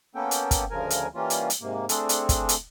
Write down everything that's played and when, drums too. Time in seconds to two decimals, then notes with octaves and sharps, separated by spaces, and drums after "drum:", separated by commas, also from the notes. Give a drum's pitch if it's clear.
0.15 A#3 B3 C#4 A4 G5
0.31 drum: hi-hat
0.51 drum: kick, hi-hat
0.71 D2 C#3 F3 A#4 G#5
0.90 drum: hi-hat
1.15 E3 G3 A#3 C#4 F4
1.30 drum: hi-hat
1.50 drum: hi-hat
1.61 G#2 C3 A#3
1.89 A3 C4 D4 G#4 A4, drum: hi-hat
2.09 drum: hi-hat
2.29 drum: kick, hi-hat
2.49 drum: hi-hat